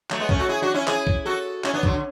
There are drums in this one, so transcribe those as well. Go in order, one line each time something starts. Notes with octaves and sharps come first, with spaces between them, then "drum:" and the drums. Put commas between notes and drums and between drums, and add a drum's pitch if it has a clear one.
F#3 A3, drum: clap
G#3 B3
A3 C#4, drum: kick
F#4 A4
E4 G#4
D4 F#4
C#4 E4
E4 G#4, drum: clap
drum: kick
F#4 A4
C#4 E4, drum: clap
B3 D4
D3 F#3, drum: kick
D3